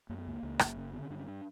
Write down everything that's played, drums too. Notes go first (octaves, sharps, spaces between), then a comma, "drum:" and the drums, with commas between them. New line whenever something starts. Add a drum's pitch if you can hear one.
F#2 A#3
B3
C#2 A#3
C#2
F#1, drum: rim click
C#3
D3 B3
C#4
G2 D4
C#4
D4